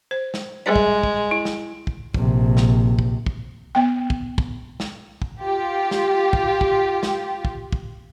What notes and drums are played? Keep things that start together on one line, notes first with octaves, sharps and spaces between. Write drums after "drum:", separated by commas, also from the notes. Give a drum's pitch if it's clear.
C5
drum: snare
G3 G#3 G#4 D5
drum: kick
drum: kick
E4
drum: snare
drum: kick
A#1 C3, drum: kick
drum: snare
drum: kick
drum: kick
B3 G5
drum: kick
drum: kick
drum: snare
drum: kick
F4 G4
drum: snare
drum: kick
drum: kick
drum: snare
drum: kick
drum: kick